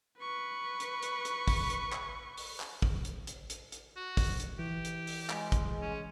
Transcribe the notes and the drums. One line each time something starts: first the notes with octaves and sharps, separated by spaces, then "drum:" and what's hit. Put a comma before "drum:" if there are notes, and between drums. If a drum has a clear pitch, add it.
B4 C#6
drum: hi-hat
drum: hi-hat
drum: hi-hat
drum: kick, open hi-hat
drum: hi-hat
drum: clap
drum: open hi-hat
drum: clap
drum: kick
drum: hi-hat
drum: hi-hat
drum: hi-hat
drum: hi-hat
F#4
drum: kick, open hi-hat
drum: hi-hat
E3 G4
drum: hi-hat
drum: open hi-hat
G#3, drum: clap
drum: kick, hi-hat
C#4